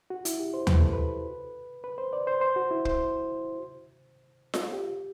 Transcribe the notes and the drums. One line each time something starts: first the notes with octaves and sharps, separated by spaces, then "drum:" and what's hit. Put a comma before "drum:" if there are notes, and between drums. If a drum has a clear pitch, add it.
F#4
E4, drum: hi-hat
G4
C5
B4, drum: tom D#2
A4
B4
B4
C5
D5
C5
C5
F#4
E4
C5, drum: kick
drum: snare F4
G4